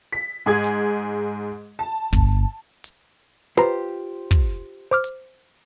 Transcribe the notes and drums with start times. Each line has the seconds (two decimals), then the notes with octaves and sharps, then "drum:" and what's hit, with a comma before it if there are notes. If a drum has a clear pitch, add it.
0.12 B6
0.46 G#2 G#4 G#6
0.64 drum: hi-hat
1.79 A5
2.13 G1, drum: kick, hi-hat
2.84 drum: hi-hat
3.57 F4 G4 B4 C5 A#5, drum: hi-hat
4.31 drum: kick, hi-hat
4.91 C5 D6 F6
5.04 drum: hi-hat